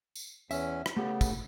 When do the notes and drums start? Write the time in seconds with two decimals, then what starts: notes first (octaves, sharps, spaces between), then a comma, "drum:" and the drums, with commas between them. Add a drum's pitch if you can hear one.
0.16 drum: tambourine
0.51 E2 C#4 E5, drum: tambourine
0.86 drum: rim click
0.97 C#3 A3 B3 G4 A4
1.21 drum: kick, tambourine